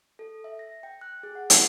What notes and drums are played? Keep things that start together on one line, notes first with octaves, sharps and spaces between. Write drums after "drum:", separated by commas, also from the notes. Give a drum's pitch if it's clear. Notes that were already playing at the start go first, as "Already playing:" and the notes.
A4
E5
A#6
G5
F#6
G#4
F#5
C7, drum: hi-hat